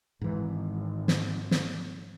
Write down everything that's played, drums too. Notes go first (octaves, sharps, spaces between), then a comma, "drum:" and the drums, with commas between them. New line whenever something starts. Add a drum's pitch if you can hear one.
G#1 G#2 E3
drum: snare
drum: snare